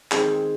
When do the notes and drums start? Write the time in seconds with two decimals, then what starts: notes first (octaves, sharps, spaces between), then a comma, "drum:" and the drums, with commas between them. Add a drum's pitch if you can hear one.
0.11 D#3 G#3 C4 G#4, drum: clap